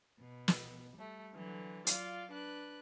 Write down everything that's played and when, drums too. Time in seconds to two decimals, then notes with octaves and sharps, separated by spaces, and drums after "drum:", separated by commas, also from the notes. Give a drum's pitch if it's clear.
0.19 B2
0.48 drum: snare
0.96 G3 A3
1.34 D3 E3 F#3
1.87 F#3 F4 D5 F5, drum: hi-hat
2.31 D4 B4 F#6